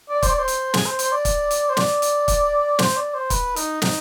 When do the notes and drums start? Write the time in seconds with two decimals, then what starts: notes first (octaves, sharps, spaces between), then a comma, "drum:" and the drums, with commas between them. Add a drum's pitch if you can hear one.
0.09 D5
0.23 C5, drum: kick, hi-hat
0.30 D5
0.39 C5
0.48 drum: hi-hat
0.74 G#4, drum: snare
0.86 C5
0.99 C5, drum: hi-hat
1.12 D5
1.25 drum: kick, hi-hat
1.51 drum: hi-hat
1.69 C5
1.77 D5, drum: snare
2.02 drum: hi-hat
2.28 drum: kick, hi-hat
2.79 C5, drum: snare
2.96 D5
3.14 C5
3.30 B4, drum: kick, hi-hat
3.56 D#4, drum: hi-hat
3.82 D#4, drum: snare